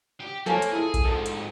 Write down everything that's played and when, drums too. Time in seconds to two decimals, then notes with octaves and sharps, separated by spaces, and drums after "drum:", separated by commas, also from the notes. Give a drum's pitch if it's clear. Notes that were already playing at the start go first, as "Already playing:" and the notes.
0.20 G4
0.46 A#3 A4 C5 C#5 F5 G#5, drum: snare
0.62 drum: hi-hat
0.72 E4 G#4 A4
0.94 drum: kick A#1, hi-hat
1.05 F2 G#2 A4
1.26 drum: hi-hat